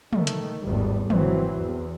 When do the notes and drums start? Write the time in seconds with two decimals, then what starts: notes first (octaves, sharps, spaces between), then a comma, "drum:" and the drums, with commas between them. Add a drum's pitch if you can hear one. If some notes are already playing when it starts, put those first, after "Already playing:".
0.13 D#3 A3, drum: tom
0.27 drum: hi-hat
0.65 G#1 E2 A2 G3
1.10 G#1 E3 F#3 C4, drum: tom
1.59 E2